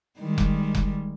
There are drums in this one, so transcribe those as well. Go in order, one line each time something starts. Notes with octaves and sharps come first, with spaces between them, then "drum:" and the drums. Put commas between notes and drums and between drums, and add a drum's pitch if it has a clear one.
D#3 G3 G#3
drum: kick F1
drum: kick F1